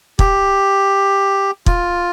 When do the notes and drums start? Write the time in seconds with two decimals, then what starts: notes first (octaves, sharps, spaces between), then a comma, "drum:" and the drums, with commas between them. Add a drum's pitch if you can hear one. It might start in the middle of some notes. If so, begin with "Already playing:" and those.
0.19 G4, drum: kick
1.66 F4, drum: kick